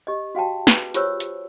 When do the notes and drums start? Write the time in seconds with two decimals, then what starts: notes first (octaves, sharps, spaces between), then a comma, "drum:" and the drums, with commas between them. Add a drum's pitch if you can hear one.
0.07 G4 D#5
0.35 F#4 F5 G5 A5
0.67 G#4 B4, drum: snare
0.94 F4 G4 C5 C#5 E6, drum: hi-hat
1.20 drum: hi-hat